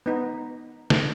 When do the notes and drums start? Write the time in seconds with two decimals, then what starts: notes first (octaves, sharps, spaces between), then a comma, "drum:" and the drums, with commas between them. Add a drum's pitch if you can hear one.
0.06 B3 D#4
0.90 drum: snare